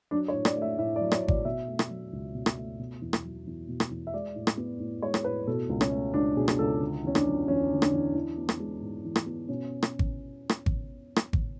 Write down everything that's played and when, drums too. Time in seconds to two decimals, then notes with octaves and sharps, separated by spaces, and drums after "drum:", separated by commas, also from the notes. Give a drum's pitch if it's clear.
0.11 F#3 D4
0.28 C#5
0.33 A2
0.45 D5, drum: rim click
0.57 A3 E5
0.79 A2 E5
0.96 D5
1.01 F#3
1.12 C#5, drum: rim click
1.23 A2
1.28 D5, drum: kick G#1
1.45 B2 E5
1.67 A3
1.79 drum: rim click
1.90 F#3
2.13 C#2
2.35 B2
2.46 drum: rim click
2.58 A3
2.79 B2
3.02 E2
3.13 drum: rim click
3.24 F#3
3.47 E2
3.69 B2
3.80 drum: rim click
3.91 E2
4.07 E5
4.14 G#3 D5
4.36 A2
4.47 drum: rim click
4.57 B3
4.80 A2
5.02 G#3 C#5
5.14 drum: rim click
5.24 A2 B4
5.47 B2 A4
5.69 C#2
5.81 C#4, drum: rim click
5.91 A3
6.14 C#2 D4
6.36 B2 G#4
6.48 drum: rim click
6.59 C#2 A4
6.81 D3
7.04 E2 C#4
7.15 D4, drum: rim click
7.26 F#3
7.48 E2 C#4
7.71 D3
7.82 D4, drum: rim click
7.93 E2
8.15 E3
8.38 B3
8.49 drum: rim click
8.60 G#3
8.82 G#2
9.05 E3
9.16 drum: rim click
9.26 B3
9.49 B2 C#4
9.83 drum: rim click
9.99 drum: kick G#1
10.49 drum: rim click
10.66 drum: kick G#1
11.16 drum: rim click
11.33 drum: kick G#1